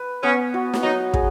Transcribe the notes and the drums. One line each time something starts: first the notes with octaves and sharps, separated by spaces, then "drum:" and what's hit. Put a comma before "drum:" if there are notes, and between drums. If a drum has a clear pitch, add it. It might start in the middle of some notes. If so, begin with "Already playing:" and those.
Already playing: B4
B3 C#4
F#4
drum: snare
F#3 D#4
G#4, drum: kick